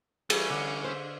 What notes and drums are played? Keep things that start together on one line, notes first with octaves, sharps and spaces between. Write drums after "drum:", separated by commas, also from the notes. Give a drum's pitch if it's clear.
E3 G3 A3 C#4, drum: cymbal
D3
C5 E5